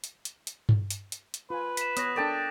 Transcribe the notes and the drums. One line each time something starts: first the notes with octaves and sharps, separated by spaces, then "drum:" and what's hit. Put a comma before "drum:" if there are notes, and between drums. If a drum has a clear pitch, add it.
drum: hi-hat
drum: hi-hat
drum: hi-hat
drum: tom G2
drum: hi-hat
drum: hi-hat
drum: hi-hat
F4 B4 G#5
B6 E7, drum: hi-hat
B3 C#5 D#6 F#6 A#6, drum: hi-hat
D4 A4 A#4 D5 G5 A5